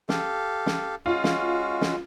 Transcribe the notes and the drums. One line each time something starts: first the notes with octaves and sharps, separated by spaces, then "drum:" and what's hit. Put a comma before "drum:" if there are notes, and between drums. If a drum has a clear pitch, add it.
G4 A4 F5, drum: snare
drum: snare
G#3 C#4 F4 F#4
drum: snare
drum: snare